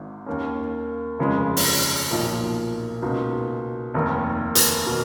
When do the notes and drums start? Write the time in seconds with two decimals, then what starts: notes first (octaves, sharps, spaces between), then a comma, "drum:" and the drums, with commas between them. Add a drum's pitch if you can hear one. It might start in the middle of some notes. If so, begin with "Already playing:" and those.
Already playing: G#1 G#2
0.26 D#2 D#3 A#3 C#4
1.19 F1 D#2 C#3 F3 G#3
1.57 drum: open hi-hat
2.11 B1 A#2 F3 A#3 D#4
3.02 C#2 B2 A#3 D#4
3.94 F1 D#2 D#3 A#3
4.55 drum: hi-hat
4.86 B2 A#3